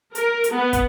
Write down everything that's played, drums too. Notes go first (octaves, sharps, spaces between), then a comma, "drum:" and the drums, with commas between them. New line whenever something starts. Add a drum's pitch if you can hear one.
A#4, drum: hi-hat
drum: hi-hat
B3
drum: kick, hi-hat